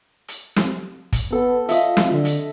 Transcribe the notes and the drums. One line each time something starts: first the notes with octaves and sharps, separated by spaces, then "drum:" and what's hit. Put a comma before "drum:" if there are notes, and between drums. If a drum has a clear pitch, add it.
drum: hi-hat
drum: snare
drum: kick, hi-hat
B3 A4
F4 D#5 E5, drum: hi-hat
drum: snare
D3
drum: hi-hat